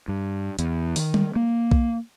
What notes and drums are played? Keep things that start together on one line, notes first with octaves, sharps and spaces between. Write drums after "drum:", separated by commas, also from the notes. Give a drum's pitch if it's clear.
G2
E2, drum: hi-hat
D#3, drum: open hi-hat
drum: tom G3
A#3
drum: kick B1